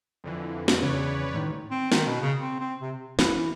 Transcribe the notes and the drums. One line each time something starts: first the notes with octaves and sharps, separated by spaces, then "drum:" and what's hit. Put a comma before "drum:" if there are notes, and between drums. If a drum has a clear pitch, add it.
F2 D3 E3
drum: snare
E2 C#3 B4 C#5 D5
A2 D#3
C4
D#3, drum: snare
B2
C#3
C4
C4
C3
E3, drum: snare